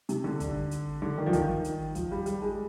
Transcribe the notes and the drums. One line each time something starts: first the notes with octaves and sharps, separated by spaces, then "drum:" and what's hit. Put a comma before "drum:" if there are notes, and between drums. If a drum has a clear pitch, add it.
C3, drum: hi-hat
D3
drum: kick, hi-hat
drum: hi-hat
D3
D#3
F3
D#3, drum: kick, hi-hat
drum: hi-hat
F3, drum: kick, hi-hat
G3
G3, drum: hi-hat
G#3